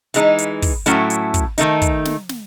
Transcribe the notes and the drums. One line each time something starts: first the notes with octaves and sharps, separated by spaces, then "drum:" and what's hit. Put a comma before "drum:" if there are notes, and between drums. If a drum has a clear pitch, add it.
E3 G#3 D#4, drum: hi-hat
drum: hi-hat
drum: kick, open hi-hat
A2 F#3 A3 C#4 E4, drum: hi-hat
drum: hi-hat
drum: kick, hi-hat
D#3 A3 D#4, drum: hi-hat
drum: kick, hi-hat
drum: snare
drum: snare